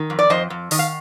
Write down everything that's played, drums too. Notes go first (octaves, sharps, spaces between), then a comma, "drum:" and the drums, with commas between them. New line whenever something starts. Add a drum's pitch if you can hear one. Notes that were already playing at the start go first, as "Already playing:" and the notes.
Already playing: D#3
F2
D5
F2 C5 D#5
F2
D#3 D#5, drum: open hi-hat
F5